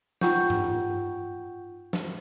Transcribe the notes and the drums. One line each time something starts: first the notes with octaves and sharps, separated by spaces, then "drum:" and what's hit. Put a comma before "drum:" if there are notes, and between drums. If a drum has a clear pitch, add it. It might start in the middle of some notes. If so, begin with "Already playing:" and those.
D#4 F4 F#5 G5 C#6 G6, drum: snare
drum: tom G2
drum: snare